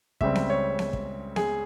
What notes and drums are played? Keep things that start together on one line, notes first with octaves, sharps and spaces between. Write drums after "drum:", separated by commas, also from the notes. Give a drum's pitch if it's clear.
C#2 C#3 G3 C4 E5, drum: kick
drum: snare B3
C#5
drum: snare B3
drum: kick
G#4, drum: snare B3